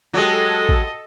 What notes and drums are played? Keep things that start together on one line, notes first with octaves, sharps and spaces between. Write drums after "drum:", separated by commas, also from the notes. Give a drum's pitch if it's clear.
F#3 G#3 F#4 G4 A4 D#5
drum: kick A1